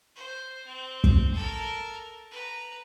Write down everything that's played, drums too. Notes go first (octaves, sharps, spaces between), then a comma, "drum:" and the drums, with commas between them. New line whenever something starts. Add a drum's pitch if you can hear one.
C5
C4
drum: kick
A4 A#4
B4 A#5